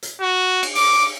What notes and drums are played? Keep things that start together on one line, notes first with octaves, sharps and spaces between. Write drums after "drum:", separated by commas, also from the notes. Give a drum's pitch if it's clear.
drum: hi-hat
F#4
drum: cymbal
D6, drum: open hi-hat